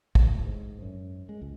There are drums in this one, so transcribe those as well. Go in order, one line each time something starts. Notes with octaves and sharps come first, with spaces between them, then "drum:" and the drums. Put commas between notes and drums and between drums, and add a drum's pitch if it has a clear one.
A2, drum: kick
G#2
F#2
G#3
C#2